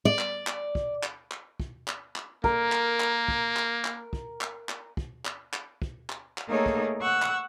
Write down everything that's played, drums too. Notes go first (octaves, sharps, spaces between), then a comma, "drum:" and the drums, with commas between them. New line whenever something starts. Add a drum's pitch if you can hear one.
D5
drum: clap
drum: clap
drum: kick
drum: clap
drum: clap
drum: kick
drum: clap
drum: clap
A#3 A#4, drum: kick
drum: clap
drum: clap
drum: kick
drum: clap
drum: clap
drum: kick
drum: clap
drum: clap
drum: kick
drum: clap
drum: clap
drum: kick
drum: clap
drum: clap
A3 A#3 D#4 G#4 A4 C#5
drum: kick
F#5 C#6 E6 F#6
drum: clap